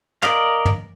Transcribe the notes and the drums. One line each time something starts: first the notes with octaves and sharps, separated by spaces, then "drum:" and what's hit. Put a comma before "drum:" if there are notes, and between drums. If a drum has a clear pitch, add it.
A#4 D5 D#5 F5, drum: clap
drum: tom